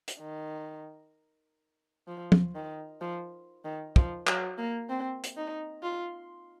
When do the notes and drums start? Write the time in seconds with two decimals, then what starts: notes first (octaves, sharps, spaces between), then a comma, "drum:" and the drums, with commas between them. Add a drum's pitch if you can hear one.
0.08 drum: hi-hat
0.19 D#3
2.08 F3
2.32 drum: tom
2.55 D#3
3.01 F3
3.65 D#3
3.96 F3, drum: kick
4.27 F#3, drum: clap
4.58 A#3
4.89 C4
5.24 drum: hi-hat
5.37 D#4
5.83 F4